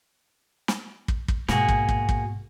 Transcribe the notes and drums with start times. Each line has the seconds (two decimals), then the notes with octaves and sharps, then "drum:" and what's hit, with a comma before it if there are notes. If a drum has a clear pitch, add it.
0.68 drum: snare
1.08 drum: kick
1.28 drum: kick
1.48 G#2 B2 A#3 F#4 G#4, drum: snare
1.69 drum: kick
1.89 drum: kick
2.09 drum: kick